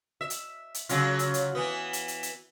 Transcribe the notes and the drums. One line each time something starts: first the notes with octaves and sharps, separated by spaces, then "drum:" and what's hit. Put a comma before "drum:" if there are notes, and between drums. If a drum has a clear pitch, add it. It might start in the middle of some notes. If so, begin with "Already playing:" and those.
E5
drum: hi-hat
drum: hi-hat
C#3 F#3 F4, drum: hi-hat
drum: hi-hat
drum: hi-hat
E3 B3
drum: hi-hat
drum: hi-hat
drum: hi-hat